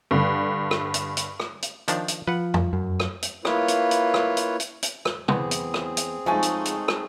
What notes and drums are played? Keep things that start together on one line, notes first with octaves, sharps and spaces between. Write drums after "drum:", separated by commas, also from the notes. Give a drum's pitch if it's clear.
G2 D3
drum: rim click
drum: hi-hat
drum: hi-hat
drum: rim click
drum: hi-hat
D#3 F3 D4, drum: hi-hat
drum: hi-hat
F3 B4 F#5
drum: tom F2
F#2
drum: rim click
drum: hi-hat
A#3 E4 F4 B4 C#5, drum: rim click
drum: hi-hat
drum: hi-hat
drum: rim click
drum: hi-hat
drum: hi-hat
drum: hi-hat
drum: rim click
E2 B3 C4 G#4, drum: tom
drum: hi-hat
drum: rim click
drum: hi-hat
F3 G#3 A3 C#4 D#4 G#5
drum: hi-hat
drum: hi-hat
drum: rim click